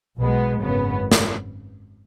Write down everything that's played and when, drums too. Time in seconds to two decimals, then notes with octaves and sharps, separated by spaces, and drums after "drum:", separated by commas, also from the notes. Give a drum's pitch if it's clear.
0.18 B1 B2 G#3 B3
0.59 G#1 F#2 C#3 B3
1.12 drum: snare